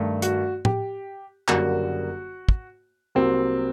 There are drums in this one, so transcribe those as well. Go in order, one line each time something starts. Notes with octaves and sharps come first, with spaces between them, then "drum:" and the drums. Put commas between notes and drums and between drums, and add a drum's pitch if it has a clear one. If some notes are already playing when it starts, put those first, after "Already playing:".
Already playing: G2 D#3 A3
F#4, drum: hi-hat
G4, drum: tom A2
F#1 F#2 D3 G3 A#3 F#4, drum: clap
drum: kick
C2 C3 F#3 A#3 C4